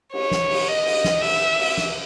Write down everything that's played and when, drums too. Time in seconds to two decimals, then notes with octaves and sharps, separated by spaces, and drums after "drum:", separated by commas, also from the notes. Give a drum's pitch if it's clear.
0.13 C#5, drum: cymbal
0.31 drum: snare
0.50 drum: cymbal
0.68 D#5
0.86 drum: cymbal
1.04 drum: snare
1.22 E5, drum: cymbal
1.59 drum: cymbal
1.77 drum: snare